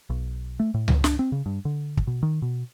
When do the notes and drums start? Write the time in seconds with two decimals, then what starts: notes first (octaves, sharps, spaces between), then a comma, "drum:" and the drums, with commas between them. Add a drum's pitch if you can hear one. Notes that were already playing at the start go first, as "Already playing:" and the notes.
0.10 B1
0.60 A3
0.74 A2
0.88 drum: tom C#2
1.04 D4, drum: snare
1.19 C4
1.32 C#3
1.46 G2
1.65 D3
1.97 drum: kick
2.07 B2
2.23 D#3
2.42 B2